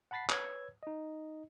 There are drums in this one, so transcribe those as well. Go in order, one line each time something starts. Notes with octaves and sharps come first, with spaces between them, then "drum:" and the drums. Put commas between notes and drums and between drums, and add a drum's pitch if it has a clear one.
F#5 A5 B5 A6 B6 C7
B4 C#5 E6 G#6, drum: clap
D#4 D#5